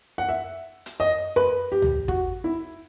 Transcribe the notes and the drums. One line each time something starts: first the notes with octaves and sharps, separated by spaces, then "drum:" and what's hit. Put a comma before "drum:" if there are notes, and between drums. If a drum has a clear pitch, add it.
F#5
E5
drum: hi-hat
D#5
B4
G4
drum: tom C#2
F#4, drum: kick
E4